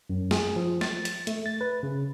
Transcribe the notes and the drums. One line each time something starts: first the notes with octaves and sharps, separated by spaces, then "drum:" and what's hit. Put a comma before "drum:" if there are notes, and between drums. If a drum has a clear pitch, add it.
F#2
G#4, drum: snare
F3
A6, drum: snare
drum: hi-hat
A3, drum: hi-hat
A6
B4
C#3